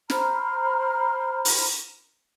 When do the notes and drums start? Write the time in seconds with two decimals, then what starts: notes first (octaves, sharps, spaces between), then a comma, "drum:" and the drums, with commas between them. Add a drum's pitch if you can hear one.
0.10 C5 A#5 B5 F6, drum: snare
1.45 drum: open hi-hat